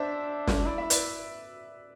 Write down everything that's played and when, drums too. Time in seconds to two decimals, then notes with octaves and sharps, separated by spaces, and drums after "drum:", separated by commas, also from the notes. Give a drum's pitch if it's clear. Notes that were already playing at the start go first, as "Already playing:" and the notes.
Already playing: D4 C5 E5
0.48 drum: snare
0.66 E4 D5
0.78 E5
0.90 B4 D5, drum: hi-hat